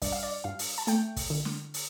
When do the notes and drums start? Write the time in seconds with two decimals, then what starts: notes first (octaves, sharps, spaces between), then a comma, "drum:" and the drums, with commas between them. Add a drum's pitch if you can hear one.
0.02 G2 D5, drum: kick, open hi-hat
0.12 F5
0.23 D5
0.44 G2 F5
0.59 drum: open hi-hat
0.78 A5
0.87 A3 G5, drum: hi-hat
1.16 drum: kick, open hi-hat
1.30 D3
1.45 drum: snare
1.74 drum: open hi-hat